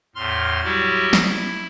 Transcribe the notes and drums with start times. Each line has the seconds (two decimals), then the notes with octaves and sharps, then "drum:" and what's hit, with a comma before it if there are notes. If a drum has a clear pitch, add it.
0.15 E2 A2 C6 F6
0.64 F#3 G3 E4 F#4 G4
1.13 drum: snare
1.26 E4